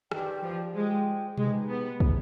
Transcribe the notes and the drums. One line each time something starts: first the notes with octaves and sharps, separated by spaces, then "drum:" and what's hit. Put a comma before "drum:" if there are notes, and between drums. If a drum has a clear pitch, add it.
D#3 G4 B4 D5 G5, drum: rim click
F3
G#3 F4 G#4 C5 G5
G#3 D#4 G4 B4, drum: tom B2
B3
D#4 G#4 B4, drum: kick